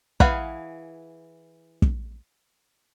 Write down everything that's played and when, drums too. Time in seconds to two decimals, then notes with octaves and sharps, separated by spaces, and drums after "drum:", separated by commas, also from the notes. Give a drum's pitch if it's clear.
0.20 E3 G#4 F5 F#5 B5, drum: kick
1.82 drum: kick